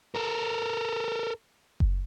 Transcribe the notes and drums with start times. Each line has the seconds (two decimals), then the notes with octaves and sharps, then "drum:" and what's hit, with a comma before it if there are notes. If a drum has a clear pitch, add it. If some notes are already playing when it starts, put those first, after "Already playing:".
0.15 A4 A#4
1.80 drum: kick F#1